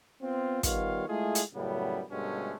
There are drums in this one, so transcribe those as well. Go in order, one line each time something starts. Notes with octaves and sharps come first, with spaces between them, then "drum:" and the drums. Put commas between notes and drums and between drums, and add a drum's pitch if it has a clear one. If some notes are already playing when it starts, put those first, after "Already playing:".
B3 C4 F4
D#3 G3 B3 F4 C#5 F5, drum: kick, hi-hat
G#3 A3 E4 F4 G#4
drum: hi-hat
F#2 A2 C#3 G3 B3
D2 G2 B2 G#3 A3 C#4